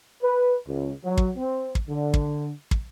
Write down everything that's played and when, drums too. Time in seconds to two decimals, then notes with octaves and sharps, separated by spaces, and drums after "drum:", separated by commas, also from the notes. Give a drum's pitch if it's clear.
0.22 B4
0.68 C#2
1.05 F#3
1.17 drum: kick
1.37 C4
1.75 drum: kick
1.88 D3
2.14 drum: kick
2.71 drum: kick